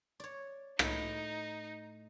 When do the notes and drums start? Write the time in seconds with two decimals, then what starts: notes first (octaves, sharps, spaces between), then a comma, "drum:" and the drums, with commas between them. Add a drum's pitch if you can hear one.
0.20 C#5 D5
0.79 A2 D#4 B4, drum: rim click